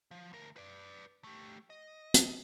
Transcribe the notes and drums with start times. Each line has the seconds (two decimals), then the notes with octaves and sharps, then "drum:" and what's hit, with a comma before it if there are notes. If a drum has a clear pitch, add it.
0.11 F3
0.33 D2 A#4
0.56 B4 D5
1.24 A3 G4
1.70 D#5
2.14 drum: hi-hat